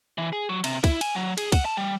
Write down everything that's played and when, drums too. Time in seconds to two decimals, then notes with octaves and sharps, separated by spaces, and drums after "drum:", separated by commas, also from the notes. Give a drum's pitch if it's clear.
0.18 E3
0.33 G#4
0.49 F#3
0.64 C3, drum: cymbal
0.84 E4, drum: kick, cymbal
1.01 G#5, drum: cymbal
1.15 F#3
1.38 G#4, drum: cymbal
1.52 F#5, drum: kick, cymbal
1.65 A5
1.77 G3